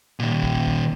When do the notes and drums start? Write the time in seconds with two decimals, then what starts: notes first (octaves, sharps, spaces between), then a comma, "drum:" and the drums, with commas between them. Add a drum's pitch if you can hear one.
0.20 A#2 D#3
0.43 drum: kick
0.67 drum: kick